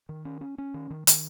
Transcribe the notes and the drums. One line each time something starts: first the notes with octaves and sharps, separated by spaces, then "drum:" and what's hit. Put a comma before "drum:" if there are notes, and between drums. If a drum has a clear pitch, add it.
D#3
C#4
C#4
C#4
D#3
D#3
D#3, drum: hi-hat